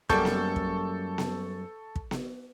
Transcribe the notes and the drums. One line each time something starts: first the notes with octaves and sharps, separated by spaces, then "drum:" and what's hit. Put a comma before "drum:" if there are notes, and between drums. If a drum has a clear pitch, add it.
F#2 G3 A#3 A4 C#6 G6, drum: kick
drum: snare B3
drum: kick
drum: snare B3
drum: kick
drum: snare B3